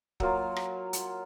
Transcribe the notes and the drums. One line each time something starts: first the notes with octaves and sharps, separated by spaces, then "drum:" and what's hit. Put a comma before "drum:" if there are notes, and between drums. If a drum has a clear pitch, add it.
F#3 A#3 F4, drum: kick
drum: rim click
drum: hi-hat